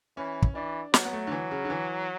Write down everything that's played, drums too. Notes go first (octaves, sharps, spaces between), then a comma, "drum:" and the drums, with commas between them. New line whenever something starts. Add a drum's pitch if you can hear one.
E3 C#4
drum: kick
E3 D4
F#3 B3, drum: snare
B3
A3
D3
E3
C#3
D3
E3